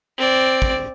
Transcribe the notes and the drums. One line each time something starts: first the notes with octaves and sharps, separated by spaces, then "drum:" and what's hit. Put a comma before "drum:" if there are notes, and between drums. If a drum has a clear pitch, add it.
C4 D5
drum: kick